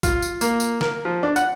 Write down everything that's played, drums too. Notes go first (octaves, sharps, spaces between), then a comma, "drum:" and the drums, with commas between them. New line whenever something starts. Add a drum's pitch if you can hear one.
F4, drum: kick, tambourine
drum: tambourine
A#3, drum: tambourine
drum: tambourine
A#4, drum: snare
F3
D4
F#5, drum: tambourine